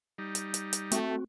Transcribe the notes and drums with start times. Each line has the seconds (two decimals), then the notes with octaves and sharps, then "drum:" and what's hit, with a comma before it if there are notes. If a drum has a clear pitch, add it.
0.18 G3 D#4
0.35 drum: hi-hat
0.54 drum: hi-hat
0.73 drum: hi-hat
0.92 A3 C4 F#4, drum: hi-hat